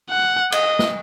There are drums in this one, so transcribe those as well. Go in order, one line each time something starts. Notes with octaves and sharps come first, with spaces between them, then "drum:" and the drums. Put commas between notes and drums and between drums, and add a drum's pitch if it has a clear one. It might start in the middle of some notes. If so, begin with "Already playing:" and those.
F#5
D#5, drum: cymbal
drum: snare